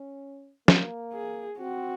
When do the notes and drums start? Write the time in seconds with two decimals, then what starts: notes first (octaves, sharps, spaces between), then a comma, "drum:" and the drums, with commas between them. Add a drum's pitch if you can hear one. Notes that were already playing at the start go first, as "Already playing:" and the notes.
Already playing: C#4
0.68 A#3, drum: snare
1.14 G#4
1.59 C4 F#4